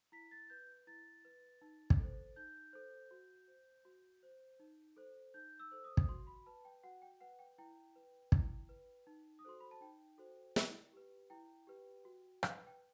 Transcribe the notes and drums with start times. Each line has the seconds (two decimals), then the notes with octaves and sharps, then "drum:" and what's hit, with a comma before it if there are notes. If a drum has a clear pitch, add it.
0.12 E4 B6
0.31 A6
0.50 B4 G6
0.87 E4 A6
1.25 B4
1.62 D#4
1.90 drum: kick
1.99 A4 C5
2.36 D#4 G6
2.73 A4 C5
3.11 F#4
3.48 C5
3.85 F#4
4.23 C5
4.60 D#4
4.96 A4 C5
5.34 D#4 G6
5.59 E6
5.71 A4 C5
5.84 D#6
5.97 D#6, drum: kick
6.09 F#4 C6
6.27 B5
6.46 B4 A5
6.65 G5
6.83 F#4 F#5
7.02 G5
7.21 B4 F#5
7.39 G5
7.58 E4 G5
7.96 B4
8.32 E4, drum: kick
8.69 B4
9.07 D#4
9.39 D#6
9.45 F#4 A4 C5 C6
9.60 B5
9.71 A5
9.81 D#4 G5
10.18 F#4 A4 C5
10.56 E4, drum: snare
10.93 G4 B4
11.30 E4 G5
11.67 G4 B4
12.05 F#4
12.43 B4, drum: rim click
12.67 G5